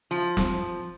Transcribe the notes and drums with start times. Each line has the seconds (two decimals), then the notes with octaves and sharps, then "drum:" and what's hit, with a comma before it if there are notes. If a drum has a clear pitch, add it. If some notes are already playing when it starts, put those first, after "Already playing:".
0.11 F3
0.37 drum: snare